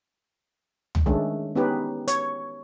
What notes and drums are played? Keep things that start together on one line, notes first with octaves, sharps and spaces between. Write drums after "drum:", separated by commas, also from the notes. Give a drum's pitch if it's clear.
drum: tom
D#3 G#3 A3 C#4 D4
B3 C#4 D#4 G4 B4
C#5, drum: hi-hat